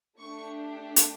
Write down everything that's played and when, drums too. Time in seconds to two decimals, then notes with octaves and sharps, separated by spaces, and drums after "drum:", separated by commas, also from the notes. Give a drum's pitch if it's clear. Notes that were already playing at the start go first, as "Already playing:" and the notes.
0.19 A3 D4 G4 C#6
0.96 drum: hi-hat